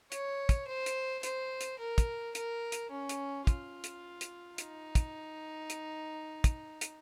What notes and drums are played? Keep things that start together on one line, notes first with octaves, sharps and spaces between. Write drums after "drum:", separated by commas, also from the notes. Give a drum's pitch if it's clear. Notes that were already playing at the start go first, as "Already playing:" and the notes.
C#5, drum: hi-hat
drum: kick, hi-hat
C5
drum: hi-hat
C5, drum: hi-hat
drum: hi-hat
A#4
drum: kick, hi-hat
A#4, drum: hi-hat
drum: hi-hat
C#4
drum: hi-hat
F4, drum: kick, hi-hat
drum: hi-hat
drum: hi-hat
D#4, drum: hi-hat
drum: kick, hi-hat
drum: hi-hat
drum: kick, hi-hat
drum: hi-hat